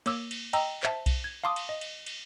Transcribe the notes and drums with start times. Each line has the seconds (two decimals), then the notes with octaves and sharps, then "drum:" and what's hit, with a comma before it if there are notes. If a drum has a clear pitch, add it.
0.06 A#3 C#5 D6 E6, drum: cymbal
0.31 drum: cymbal
0.53 D#5 G5 A#5 E6, drum: cymbal
0.83 C5 E5 A5, drum: clap
1.06 drum: kick B1, cymbal
1.24 G#6
1.44 F5 A5 C6 D6 D#6
1.56 drum: cymbal
1.69 D#5
1.81 drum: cymbal
2.06 drum: cymbal